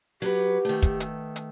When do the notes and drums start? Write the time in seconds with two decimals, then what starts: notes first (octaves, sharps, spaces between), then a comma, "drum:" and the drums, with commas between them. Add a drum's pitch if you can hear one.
0.22 F#3 G4 B4
0.65 D#3 A3
0.83 drum: kick, hi-hat
1.00 drum: hi-hat
1.36 drum: hi-hat